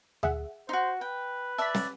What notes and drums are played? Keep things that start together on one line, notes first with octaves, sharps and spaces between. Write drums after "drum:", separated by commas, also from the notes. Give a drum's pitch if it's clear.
G#4 E5 F#5, drum: tom D2
D#4 F#4 C5
B4 G5
D5 E5 A5 B6
drum: snare